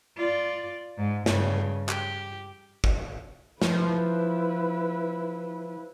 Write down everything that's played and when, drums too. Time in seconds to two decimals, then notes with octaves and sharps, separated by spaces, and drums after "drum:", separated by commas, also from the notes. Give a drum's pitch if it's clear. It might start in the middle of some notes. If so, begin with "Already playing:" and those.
0.17 F4 D5
0.97 G#2
1.26 G2 C#3, drum: snare
1.89 G4, drum: clap
2.84 drum: kick
3.62 F3 E4 B4, drum: snare